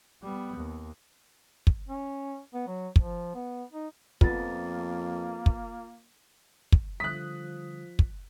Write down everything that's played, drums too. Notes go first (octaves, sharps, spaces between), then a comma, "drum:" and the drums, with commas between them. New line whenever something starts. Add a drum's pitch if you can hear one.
G3 B3
D#2
drum: kick
C#4
B3
F#3
F3, drum: kick
B3
D#4
F2 F3 A#3 B3 F4 A6, drum: kick
drum: kick
drum: kick
D3 F3 G3 D#6 F#6 B6
drum: kick